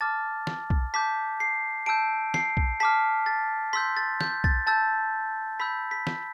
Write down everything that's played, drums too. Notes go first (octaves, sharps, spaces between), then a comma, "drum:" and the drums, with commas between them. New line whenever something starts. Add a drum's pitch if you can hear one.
A5 D6 F6 A6
drum: snare
drum: kick B1
A5 D6 G6 B6
C7
A5 E6 G6 D7
C7, drum: snare
drum: kick B1
A5 D6 F6 B6
A6
C6 E6 G6 B6
A6
G6, drum: snare
A6, drum: kick B1
A5 E6 G6 A6
B5 E6 G6 B6
B6
drum: snare